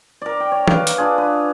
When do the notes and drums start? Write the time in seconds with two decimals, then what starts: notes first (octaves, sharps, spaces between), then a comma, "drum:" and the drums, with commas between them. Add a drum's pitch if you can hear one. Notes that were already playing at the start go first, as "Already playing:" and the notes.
0.22 A#4 D5
0.40 G5
0.52 C#5
0.68 B4 F5 D6, drum: tom E3
0.87 drum: hi-hat
0.98 D4 F4 G#4
1.18 B4